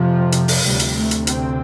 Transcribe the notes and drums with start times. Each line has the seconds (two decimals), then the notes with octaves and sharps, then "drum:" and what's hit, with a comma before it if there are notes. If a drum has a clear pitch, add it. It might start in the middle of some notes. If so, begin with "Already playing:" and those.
Already playing: F2 C3 F3
0.32 drum: hi-hat
0.48 drum: open hi-hat
0.64 D2 C3 G3
0.80 drum: hi-hat
0.95 A3
1.11 drum: hi-hat
1.27 C4, drum: hi-hat